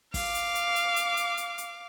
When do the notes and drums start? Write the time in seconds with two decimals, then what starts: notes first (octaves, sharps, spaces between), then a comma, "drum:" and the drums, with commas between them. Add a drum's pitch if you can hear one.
0.14 F5 D6, drum: kick, open hi-hat
0.34 drum: hi-hat
0.55 drum: hi-hat
0.76 drum: hi-hat
0.96 drum: hi-hat
1.17 drum: hi-hat
1.37 drum: hi-hat
1.58 drum: hi-hat